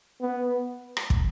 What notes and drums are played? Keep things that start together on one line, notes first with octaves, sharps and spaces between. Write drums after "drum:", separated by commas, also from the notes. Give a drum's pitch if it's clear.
B3
drum: rim click
drum: kick